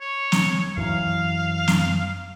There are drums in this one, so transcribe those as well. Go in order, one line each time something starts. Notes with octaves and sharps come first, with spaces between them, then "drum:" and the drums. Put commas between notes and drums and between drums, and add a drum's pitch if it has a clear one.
C#5
drum: snare
F#2 E3 F#3 F5
drum: snare